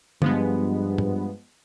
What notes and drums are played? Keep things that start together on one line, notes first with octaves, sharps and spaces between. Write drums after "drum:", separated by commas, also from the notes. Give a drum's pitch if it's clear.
G2 F3 G#3 B3, drum: tom
drum: tom